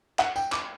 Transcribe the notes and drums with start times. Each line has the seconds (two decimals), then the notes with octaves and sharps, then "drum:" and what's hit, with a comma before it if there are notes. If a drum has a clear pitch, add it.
0.19 F#5, drum: clap
0.36 G5, drum: tambourine
0.52 D6, drum: clap